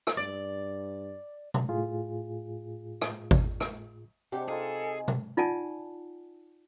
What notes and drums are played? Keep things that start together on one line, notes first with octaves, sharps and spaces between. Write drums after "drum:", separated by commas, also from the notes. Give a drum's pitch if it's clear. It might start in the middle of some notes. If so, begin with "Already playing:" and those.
drum: rim click
G2 D5
drum: tom B2
A2 F4 G#4
drum: rim click
drum: kick G#1
drum: rim click
C3 G#3 D4 G4 E5 F#5
D#4 F4 G#4 A4 G#5
drum: tom B2
D#4 F4 D5 F#5 G#5 A5